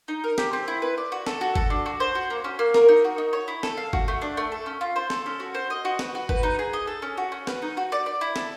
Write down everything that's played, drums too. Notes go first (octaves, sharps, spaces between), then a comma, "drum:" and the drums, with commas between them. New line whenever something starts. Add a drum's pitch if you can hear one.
D#4
A#4
G4, drum: snare
C4
E4
B4
D5
F#4
A4, drum: snare
F#4
A4, drum: kick G1
D4
F#4
C5
F#4
A#3
C#4
A#3
A#4, drum: snare
D#4
F#4
D#4
C#5
E4
A4, drum: snare
F5
F#4, drum: kick G1
A3
D4
A3
A4
C#4
F4
C5
A4, drum: snare
C#4
F#4
C5
D#5
F#4
B4, drum: snare
F#4
B4, drum: kick G1
D#4
G#4
D#5
A4
C#4
F#4
C#4
B4, drum: snare
D#4
F#4
D5
D5
E4
A4, drum: snare